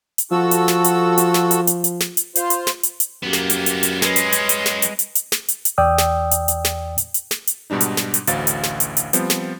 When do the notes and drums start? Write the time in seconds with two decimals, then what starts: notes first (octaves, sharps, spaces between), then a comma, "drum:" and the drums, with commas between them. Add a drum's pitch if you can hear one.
0.18 drum: hi-hat
0.31 F3 F#4 A4 E6
0.51 drum: hi-hat
0.68 drum: snare
0.84 drum: hi-hat
1.18 drum: hi-hat
1.34 drum: snare
1.51 drum: hi-hat
1.67 drum: hi-hat
1.84 drum: hi-hat
2.00 drum: snare
2.17 drum: hi-hat
2.35 F4 C5, drum: hi-hat
2.50 drum: hi-hat
2.67 drum: snare
2.83 drum: hi-hat
3.00 drum: hi-hat
3.23 F#2 A#3 B3 G4
3.33 drum: snare
3.50 drum: hi-hat
3.66 drum: hi-hat
3.83 drum: hi-hat
4.02 F#3 G#3 C#4 B4, drum: snare
4.16 drum: hi-hat
4.32 drum: hi-hat
4.49 drum: hi-hat
4.66 drum: snare
4.82 drum: hi-hat
4.99 drum: hi-hat
5.15 drum: hi-hat
5.32 drum: snare
5.49 drum: hi-hat
5.65 drum: hi-hat
5.78 E2 D5 G5 D#6 E6
5.98 drum: snare
6.31 drum: hi-hat
6.48 drum: hi-hat
6.65 drum: snare
6.98 drum: hi-hat
7.14 drum: hi-hat
7.31 drum: snare
7.47 drum: hi-hat
7.70 G#2 B2 G3 D4 D#4
7.81 drum: hi-hat
7.97 drum: snare
8.14 drum: hi-hat
8.27 A1 D2 F#4 C5 F5 A6, drum: hi-hat
8.47 drum: hi-hat
8.63 drum: snare
8.80 drum: hi-hat
8.97 drum: hi-hat
9.13 F3 G3 B3 C4, drum: hi-hat
9.30 drum: snare